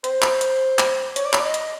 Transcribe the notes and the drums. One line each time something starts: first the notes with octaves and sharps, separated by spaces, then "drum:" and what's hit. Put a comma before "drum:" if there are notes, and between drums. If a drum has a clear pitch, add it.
C5, drum: hi-hat
drum: clap
drum: hi-hat
drum: clap
C#5, drum: hi-hat
D5
C#5, drum: clap
D5
D#5
drum: hi-hat